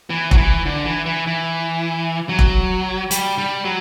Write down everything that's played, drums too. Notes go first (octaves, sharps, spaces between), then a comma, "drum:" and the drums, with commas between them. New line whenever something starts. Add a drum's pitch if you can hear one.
E3
F#3, drum: kick
E3
D3
E3
E3
E3
F#3
drum: kick
G3, drum: hi-hat
G3
F#3